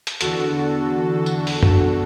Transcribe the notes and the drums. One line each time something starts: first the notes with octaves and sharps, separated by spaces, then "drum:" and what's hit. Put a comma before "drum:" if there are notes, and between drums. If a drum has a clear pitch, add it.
drum: hi-hat
E2 D3 F#4 A4, drum: hi-hat
drum: tambourine
drum: open hi-hat
drum: tom